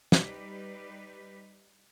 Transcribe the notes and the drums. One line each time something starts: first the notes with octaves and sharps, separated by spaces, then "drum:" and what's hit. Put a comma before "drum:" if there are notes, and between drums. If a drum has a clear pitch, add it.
G3 D#4 G4 B4, drum: snare